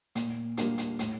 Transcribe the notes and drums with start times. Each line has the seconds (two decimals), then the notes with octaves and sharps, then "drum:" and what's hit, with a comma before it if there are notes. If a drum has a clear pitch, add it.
0.15 A#2, drum: hi-hat
0.57 G3 A#3 D4 F4, drum: hi-hat
0.78 drum: hi-hat
0.99 A2, drum: hi-hat